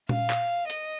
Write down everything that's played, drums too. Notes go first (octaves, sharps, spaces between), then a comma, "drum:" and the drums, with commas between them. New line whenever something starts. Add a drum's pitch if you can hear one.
F5, drum: tom A#2
drum: clap
D#5, drum: hi-hat